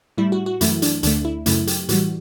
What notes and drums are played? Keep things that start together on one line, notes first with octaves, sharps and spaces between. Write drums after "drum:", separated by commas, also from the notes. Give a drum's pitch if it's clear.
A2 G3 E4
F#4
F#4
F#2 E3 A3 E4, drum: hi-hat
D4, drum: hi-hat
D2 D3 A3 D4, drum: hi-hat
E4
F#2 C#3 F#3 A3 E4, drum: hi-hat
G4, drum: hi-hat
A2 E3 G3 F#4, drum: hi-hat